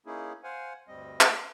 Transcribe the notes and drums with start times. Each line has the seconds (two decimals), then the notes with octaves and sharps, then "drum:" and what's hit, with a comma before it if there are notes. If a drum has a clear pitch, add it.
0.06 A#3 C#4 D#4 E4 G#4
0.43 C5 F5 F#5 G#5
0.88 D2 G2 G3 C4 D#5
1.21 drum: clap
1.34 C6